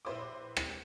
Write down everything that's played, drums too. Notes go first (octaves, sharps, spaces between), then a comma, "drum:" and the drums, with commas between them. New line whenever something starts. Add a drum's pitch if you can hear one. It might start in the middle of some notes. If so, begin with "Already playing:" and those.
A#1 E4 B4 C5 B5 D6
drum: rim click